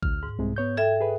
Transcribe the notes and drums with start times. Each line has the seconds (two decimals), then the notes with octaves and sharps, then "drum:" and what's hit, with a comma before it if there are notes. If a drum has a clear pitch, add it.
0.02 D2 F6, drum: kick A1
0.23 G#2
0.39 C2 C3 G#3
0.56 B3 C#5 G6
0.77 A4 E5 G5 G#6
1.01 G#4 B4